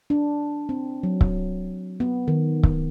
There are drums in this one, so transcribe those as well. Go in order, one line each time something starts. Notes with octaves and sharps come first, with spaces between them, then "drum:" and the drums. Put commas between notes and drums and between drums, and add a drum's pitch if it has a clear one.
D4
C4
F#3
drum: kick C#1
B3
D#3
drum: kick C#1